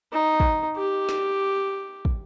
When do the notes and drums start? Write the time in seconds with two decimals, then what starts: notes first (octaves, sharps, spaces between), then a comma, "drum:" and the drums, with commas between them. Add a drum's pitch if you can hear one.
0.12 D#4
0.40 drum: kick
0.76 G4
1.09 drum: snare
2.05 drum: kick